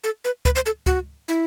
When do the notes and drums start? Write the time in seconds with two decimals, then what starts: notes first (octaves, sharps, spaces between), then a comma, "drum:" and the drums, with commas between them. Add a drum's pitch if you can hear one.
0.04 A4
0.24 B4
0.45 B4, drum: kick C#2
0.55 C5
0.66 A4
0.86 F#4, drum: kick C#2
1.28 E4